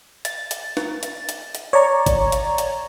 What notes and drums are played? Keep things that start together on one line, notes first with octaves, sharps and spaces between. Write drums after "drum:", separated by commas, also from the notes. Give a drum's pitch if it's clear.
A6, drum: hi-hat
drum: hi-hat
drum: snare
drum: hi-hat
drum: hi-hat
drum: hi-hat
C#5 D5 A#5 C#6
drum: kick G#1, hi-hat
drum: hi-hat
drum: hi-hat